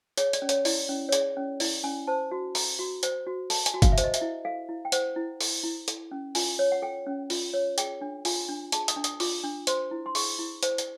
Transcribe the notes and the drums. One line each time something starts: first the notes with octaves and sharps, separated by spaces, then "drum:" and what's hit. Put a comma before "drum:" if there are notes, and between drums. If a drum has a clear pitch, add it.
G#4 C#5, drum: hi-hat
D5, drum: hi-hat
C#4
C#5, drum: hi-hat
E4 D5, drum: open hi-hat
C#4
C#5
G#4 D5, drum: hi-hat
C#4
E4 D5, drum: open hi-hat
C#4 G#5
C5 A5
F#4
A4 A#5, drum: open hi-hat
F#4
C5, drum: hi-hat
F#4
A4 A5, drum: open hi-hat
G#5, drum: hi-hat
F#4
F5, drum: kick, hi-hat
E5
C5, drum: hi-hat
D#5
E5, drum: hi-hat
E4
A4 F5
E4
G5
C5 F#5, drum: hi-hat
E4
A4, drum: open hi-hat
E4
A4, drum: hi-hat
C#4
F4 G#5, drum: open hi-hat
C#5
F#5
A4 G5
C#4
F4, drum: open hi-hat
C#5
G#4 G5, drum: hi-hat
D4
F4 G#5, drum: open hi-hat
D4
G#4 A5, drum: hi-hat
D#6, drum: hi-hat
D4
D#6, drum: hi-hat
F4 D6, drum: open hi-hat
D4
C5 C6, drum: hi-hat
E4
C6
G#4 C#6, drum: open hi-hat
E4
C5, drum: hi-hat
drum: hi-hat